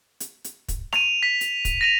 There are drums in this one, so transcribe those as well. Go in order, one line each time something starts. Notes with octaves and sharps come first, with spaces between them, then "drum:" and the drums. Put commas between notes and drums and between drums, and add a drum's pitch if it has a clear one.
drum: hi-hat
drum: hi-hat
drum: kick, hi-hat
D#7 F7, drum: rim click
B6
drum: hi-hat
drum: kick, hi-hat
A#6 D#7 F7